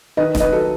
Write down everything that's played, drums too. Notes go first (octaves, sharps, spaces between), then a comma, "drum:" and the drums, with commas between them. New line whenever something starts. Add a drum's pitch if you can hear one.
D#3 B4 D#5
D#4, drum: snare
B4 D#5
F#3 A4